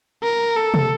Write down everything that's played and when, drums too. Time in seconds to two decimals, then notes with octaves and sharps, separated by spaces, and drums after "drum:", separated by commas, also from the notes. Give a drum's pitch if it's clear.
0.24 A#4
0.57 A4
0.74 drum: tom C3